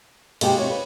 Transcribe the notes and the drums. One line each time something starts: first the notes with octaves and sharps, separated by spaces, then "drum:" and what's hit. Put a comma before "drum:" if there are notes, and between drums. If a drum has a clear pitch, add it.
B2 G#3 A#3 G4 G5, drum: cymbal
D#2 C3 C#5
B4